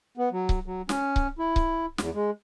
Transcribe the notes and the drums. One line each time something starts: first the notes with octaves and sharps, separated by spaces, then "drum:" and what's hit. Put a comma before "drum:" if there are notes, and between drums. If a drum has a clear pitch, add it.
B3
F#3
drum: kick C#1
F#3
C#4, drum: snare
drum: kick C#1
E4
drum: kick C#1
E2, drum: snare
G#3